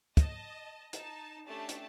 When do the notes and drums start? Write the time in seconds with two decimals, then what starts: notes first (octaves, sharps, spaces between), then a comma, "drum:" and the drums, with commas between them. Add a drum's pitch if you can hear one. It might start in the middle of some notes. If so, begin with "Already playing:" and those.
0.17 D#5 A5, drum: kick, hi-hat
0.93 D#4 A5, drum: hi-hat
1.46 A3 C#4 D4 G4 A5
1.69 drum: hi-hat